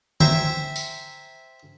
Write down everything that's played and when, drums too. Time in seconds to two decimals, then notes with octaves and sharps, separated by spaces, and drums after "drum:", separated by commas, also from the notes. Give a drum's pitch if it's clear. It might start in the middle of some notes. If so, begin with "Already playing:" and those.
0.20 C5 E5 G5 G#5 A#5, drum: tom D3
0.76 drum: tambourine